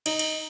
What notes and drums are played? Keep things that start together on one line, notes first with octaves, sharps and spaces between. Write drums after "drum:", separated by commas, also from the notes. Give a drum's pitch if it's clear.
D#4, drum: cymbal
drum: cymbal